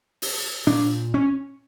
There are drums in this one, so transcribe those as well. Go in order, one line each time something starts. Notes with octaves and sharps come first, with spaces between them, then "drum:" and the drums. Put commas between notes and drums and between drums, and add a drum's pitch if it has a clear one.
drum: open hi-hat
A#2 D4
C#4